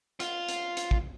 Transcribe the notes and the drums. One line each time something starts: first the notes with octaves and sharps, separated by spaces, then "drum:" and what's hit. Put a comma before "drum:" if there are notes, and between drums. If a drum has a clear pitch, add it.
F4, drum: hi-hat
drum: hi-hat
drum: hi-hat
drum: kick